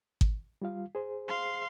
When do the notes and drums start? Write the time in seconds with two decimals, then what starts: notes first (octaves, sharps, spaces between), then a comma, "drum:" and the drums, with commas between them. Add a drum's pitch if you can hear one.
0.21 drum: kick G#1
0.62 G3 F4 F5
0.95 G#4 C5
1.28 F5 C6